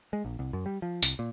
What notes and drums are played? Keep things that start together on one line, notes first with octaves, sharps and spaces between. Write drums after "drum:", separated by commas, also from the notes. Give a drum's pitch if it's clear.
G#3
A#1
C2
F#2
G3
F3
C2, drum: tambourine
A#2